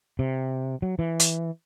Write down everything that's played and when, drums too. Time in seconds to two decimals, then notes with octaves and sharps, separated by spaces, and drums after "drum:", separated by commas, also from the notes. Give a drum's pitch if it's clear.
0.19 C3
0.82 F#3
0.99 E3
1.20 drum: hi-hat